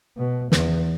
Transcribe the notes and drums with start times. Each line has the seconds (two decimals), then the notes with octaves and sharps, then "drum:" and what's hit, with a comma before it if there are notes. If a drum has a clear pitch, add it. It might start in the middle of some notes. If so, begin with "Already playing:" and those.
0.17 B2
0.52 E2, drum: snare